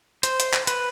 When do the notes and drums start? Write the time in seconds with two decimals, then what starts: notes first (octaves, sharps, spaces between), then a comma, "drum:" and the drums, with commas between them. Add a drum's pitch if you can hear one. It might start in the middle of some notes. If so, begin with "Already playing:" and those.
0.23 C5, drum: hi-hat
0.40 drum: hi-hat
0.54 drum: clap
0.67 B4, drum: hi-hat